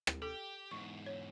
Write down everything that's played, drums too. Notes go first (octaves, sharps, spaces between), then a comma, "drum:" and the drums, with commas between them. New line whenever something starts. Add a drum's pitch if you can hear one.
drum: rim click
G4 A4
E2 G#2 C#6
C#5